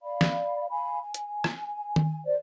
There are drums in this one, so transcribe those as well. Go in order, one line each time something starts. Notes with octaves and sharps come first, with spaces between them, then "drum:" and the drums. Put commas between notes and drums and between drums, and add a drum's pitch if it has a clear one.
D5 F5 B5
drum: snare
F5 G#5 B5
G#5
drum: hi-hat
drum: rim click
drum: tom D#3
C5 D5